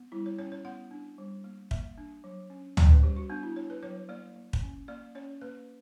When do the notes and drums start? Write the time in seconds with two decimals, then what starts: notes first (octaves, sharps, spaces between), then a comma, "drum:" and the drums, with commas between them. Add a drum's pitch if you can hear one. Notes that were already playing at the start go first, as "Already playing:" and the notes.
Already playing: B3
0.12 G3 E4
0.26 C#5
0.39 C#4 C#5
0.52 C#5
0.65 B3 F#5
0.91 D4
1.18 G3
1.44 A#3
1.71 A#3 E5, drum: kick
1.98 D4
2.24 F#3
2.50 C#4
2.77 C#4 D5, drum: tom
2.90 B4
3.03 G3 G4
3.16 F#4
3.30 B3 D4
3.43 E4
3.56 D4 C#5
3.70 B4
3.83 F#3 C#5
4.09 A#3 D5
4.36 A#3
4.53 drum: kick
4.63 C#4
4.88 A#3 D5
5.15 C#4 C#5
5.41 A#3 B4